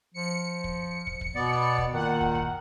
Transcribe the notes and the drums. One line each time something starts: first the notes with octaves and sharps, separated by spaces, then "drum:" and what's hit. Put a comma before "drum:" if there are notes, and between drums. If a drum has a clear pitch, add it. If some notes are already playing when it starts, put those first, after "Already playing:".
F3 C#7
drum: kick
drum: kick
drum: kick
B2 B3 D5
drum: kick
A#2 D#3 F#5
drum: kick
drum: kick